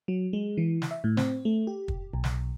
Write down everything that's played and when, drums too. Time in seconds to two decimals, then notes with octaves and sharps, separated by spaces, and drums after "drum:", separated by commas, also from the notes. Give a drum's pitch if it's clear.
0.08 F#3
0.33 G#3
0.58 E3
0.82 drum: snare
0.91 E5
1.04 A2
1.17 C4, drum: snare
1.45 A3
1.67 G4
1.88 drum: kick
2.14 B1
2.24 drum: snare